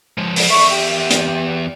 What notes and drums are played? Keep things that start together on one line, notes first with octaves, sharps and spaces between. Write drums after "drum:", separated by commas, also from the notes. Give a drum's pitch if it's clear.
F3 G#3
drum: open hi-hat
E2 E5 C#6
G4
drum: hi-hat